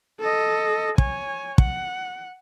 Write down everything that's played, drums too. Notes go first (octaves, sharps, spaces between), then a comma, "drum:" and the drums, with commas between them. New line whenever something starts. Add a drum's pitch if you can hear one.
A4 D#5
C#5 G#5, drum: kick
F#5, drum: kick